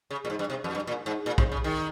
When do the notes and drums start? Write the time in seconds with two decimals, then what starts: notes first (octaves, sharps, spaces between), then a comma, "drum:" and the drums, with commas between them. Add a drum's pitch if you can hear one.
0.11 C#3
0.25 A#2
0.30 G#2
0.39 G2
0.50 C3
0.64 F2
0.75 G2
0.87 A#2
1.06 G#2
1.26 A#2
1.38 C3, drum: kick A#1
1.52 C#3
1.64 D#3